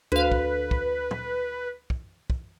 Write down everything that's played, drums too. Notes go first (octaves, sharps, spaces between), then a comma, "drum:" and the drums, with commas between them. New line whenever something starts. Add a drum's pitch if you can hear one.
D2 B4 F5
drum: kick
drum: kick
drum: tom
drum: kick
drum: kick